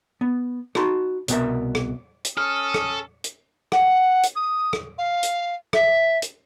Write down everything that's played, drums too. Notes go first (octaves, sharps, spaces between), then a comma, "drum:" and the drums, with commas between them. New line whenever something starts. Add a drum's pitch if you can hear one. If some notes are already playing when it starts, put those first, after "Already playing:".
B3
D#4 F#4 A5 B5 C6, drum: rim click
C2 B2 B3 G4 A#4 E5, drum: hi-hat
drum: rim click
drum: hi-hat
C#4 A4 D#6 F6
drum: rim click
drum: hi-hat
F#5, drum: rim click
drum: hi-hat
D#6
drum: rim click
F5
drum: hi-hat
E5, drum: rim click
drum: hi-hat